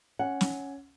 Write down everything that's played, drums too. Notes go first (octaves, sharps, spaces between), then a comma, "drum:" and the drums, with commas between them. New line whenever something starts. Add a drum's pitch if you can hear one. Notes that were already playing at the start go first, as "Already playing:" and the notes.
C#4 F#5
drum: snare